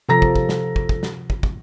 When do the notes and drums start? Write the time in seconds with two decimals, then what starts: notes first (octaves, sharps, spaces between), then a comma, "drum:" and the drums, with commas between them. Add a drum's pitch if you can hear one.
0.09 C3 F3 A4 A#5 A#6
0.22 drum: kick
0.36 drum: kick
0.49 drum: snare
0.76 drum: kick
0.89 drum: kick
1.03 drum: snare
1.30 drum: kick
1.43 drum: kick